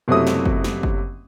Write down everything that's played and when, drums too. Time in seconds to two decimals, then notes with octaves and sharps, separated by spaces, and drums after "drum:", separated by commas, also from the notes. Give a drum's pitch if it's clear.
0.08 F#1 C3 F#3 A3 E4 D#6
0.27 drum: snare
0.46 drum: kick G1
0.64 drum: snare
0.83 drum: kick G1